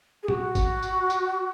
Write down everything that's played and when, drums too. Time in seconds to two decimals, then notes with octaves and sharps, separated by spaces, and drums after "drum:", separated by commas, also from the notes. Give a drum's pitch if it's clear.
0.23 G#4
0.28 F#4, drum: tom
0.55 drum: kick, tambourine
0.83 drum: tambourine
1.10 drum: tambourine